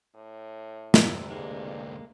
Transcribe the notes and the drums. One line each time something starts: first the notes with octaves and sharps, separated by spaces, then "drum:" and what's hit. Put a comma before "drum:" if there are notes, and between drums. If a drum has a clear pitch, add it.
A2
D2 C3 E6, drum: snare
G2 G#3 A#3 D#4 G#4